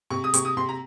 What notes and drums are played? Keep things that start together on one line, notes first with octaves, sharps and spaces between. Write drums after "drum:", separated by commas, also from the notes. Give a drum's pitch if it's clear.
C3 C#6
D#6
C3 C#6, drum: hi-hat
D#6
C3 C6
A#5